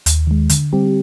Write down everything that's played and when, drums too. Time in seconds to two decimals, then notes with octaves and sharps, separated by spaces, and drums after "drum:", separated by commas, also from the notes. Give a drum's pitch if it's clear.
0.06 D#2, drum: hi-hat
0.27 D#3 G#3
0.49 D3, drum: hi-hat
0.73 G3 C4 G4